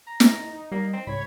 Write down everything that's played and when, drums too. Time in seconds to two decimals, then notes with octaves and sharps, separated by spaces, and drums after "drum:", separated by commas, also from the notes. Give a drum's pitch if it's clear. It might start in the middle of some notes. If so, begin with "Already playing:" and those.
0.07 A#5
0.20 drum: snare
0.39 D#4
0.72 G3 A#3
0.93 C4
1.07 C#2 G#2 C#5 B5 G#6